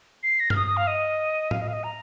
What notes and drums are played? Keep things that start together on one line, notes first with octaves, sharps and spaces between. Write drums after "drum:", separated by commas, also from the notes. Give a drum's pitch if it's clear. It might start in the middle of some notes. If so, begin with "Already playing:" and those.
C7
A#6
F6, drum: tom G2
D#6
D#6
F5
D#5
F5, drum: tom A2
D#5
F5
D#5
A#5